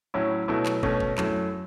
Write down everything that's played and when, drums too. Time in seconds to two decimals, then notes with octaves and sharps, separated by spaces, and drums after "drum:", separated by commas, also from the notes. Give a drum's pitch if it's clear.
0.14 A2 F#3 C#4 E4
0.48 B2 F#3 A3 E4
0.66 drum: clap
0.83 B2 A3 C#4, drum: kick
1.00 drum: kick
1.18 F#2 F#3 A3 E4, drum: clap